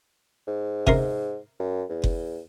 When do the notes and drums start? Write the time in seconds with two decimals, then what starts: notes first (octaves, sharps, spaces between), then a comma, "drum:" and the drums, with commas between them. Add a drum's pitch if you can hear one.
0.48 G#2
0.87 C3 A#4 C6, drum: kick F#1
1.60 F#2
1.89 E2
2.04 drum: kick F#1